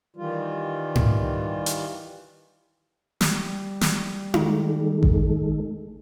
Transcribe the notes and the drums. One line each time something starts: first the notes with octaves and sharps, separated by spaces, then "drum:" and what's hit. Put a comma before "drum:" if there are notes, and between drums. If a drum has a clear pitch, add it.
D#3 E3 G3 F4
drum: tom G#2
drum: hi-hat
G3, drum: snare
drum: snare
D#3 G#3 A3, drum: tom D#4
drum: kick A1